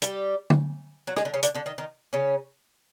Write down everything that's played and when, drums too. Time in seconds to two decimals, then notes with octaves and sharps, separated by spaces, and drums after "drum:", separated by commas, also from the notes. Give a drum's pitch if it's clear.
0.02 G3 G4, drum: hi-hat
0.50 drum: tom D3
1.07 F#3 F#4
1.16 G#3 G#4, drum: rim click
1.25 D3 D4
1.34 C#3 C#4
1.43 D3 D4, drum: hi-hat
1.55 D3 D4
1.66 D#3 D#4
1.78 D#3 D#4
2.13 C#3 C#4